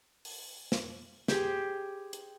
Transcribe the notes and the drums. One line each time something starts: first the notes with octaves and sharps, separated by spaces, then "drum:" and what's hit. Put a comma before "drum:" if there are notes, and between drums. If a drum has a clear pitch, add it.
drum: open hi-hat
drum: snare
G4 G#4 C5, drum: snare
drum: hi-hat